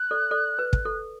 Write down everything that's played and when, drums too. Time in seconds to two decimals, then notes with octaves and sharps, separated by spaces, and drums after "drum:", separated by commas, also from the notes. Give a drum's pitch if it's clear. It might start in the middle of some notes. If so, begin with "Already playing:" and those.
Already playing: F#6
0.11 A4 D5
0.31 A4 D5
0.59 B4
0.73 drum: kick
0.85 A4